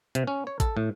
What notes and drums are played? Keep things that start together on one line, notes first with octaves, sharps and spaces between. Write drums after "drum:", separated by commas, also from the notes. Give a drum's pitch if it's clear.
C3, drum: hi-hat
C#4
C#5
A4, drum: kick A1, hi-hat
A2